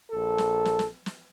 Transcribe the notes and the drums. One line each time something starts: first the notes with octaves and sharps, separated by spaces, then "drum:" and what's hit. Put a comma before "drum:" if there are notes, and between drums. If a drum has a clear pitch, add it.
A#1 A4
drum: snare
drum: snare
drum: snare
drum: snare